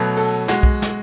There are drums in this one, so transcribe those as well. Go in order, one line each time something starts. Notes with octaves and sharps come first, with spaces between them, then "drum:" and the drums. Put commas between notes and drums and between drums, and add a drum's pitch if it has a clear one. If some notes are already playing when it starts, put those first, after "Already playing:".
Already playing: B2 F#3 A3 B4
A4, drum: open hi-hat
G#3 F#4, drum: snare
drum: kick B1
drum: snare